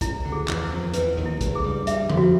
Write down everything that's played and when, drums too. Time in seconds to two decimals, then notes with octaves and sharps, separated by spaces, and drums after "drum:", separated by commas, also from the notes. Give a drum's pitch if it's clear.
0.01 C#2 C#3 E4, drum: kick, hi-hat
0.24 D2 D3
0.32 G#4
0.48 E2 E3, drum: clap
0.64 E4
0.71 F2 F3
0.83 D#3
0.94 E2 E3 B4, drum: hi-hat
1.17 D#2 D#3
1.26 E4
1.41 C#2 C#3, drum: kick, hi-hat
1.55 G#4
1.64 G2 G3
1.87 G2 G3 E5, drum: hi-hat
2.10 F2 F3, drum: tom D3
2.17 F#4